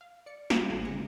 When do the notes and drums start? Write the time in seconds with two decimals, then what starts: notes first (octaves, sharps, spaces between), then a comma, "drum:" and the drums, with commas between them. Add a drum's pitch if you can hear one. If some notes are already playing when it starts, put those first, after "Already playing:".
0.01 F5
0.26 D5 C#7
0.50 G3 G#3, drum: snare
0.70 G#1 F#4 A4 G#5 A#5
0.84 D2 C#3 G#3 A#6 C#7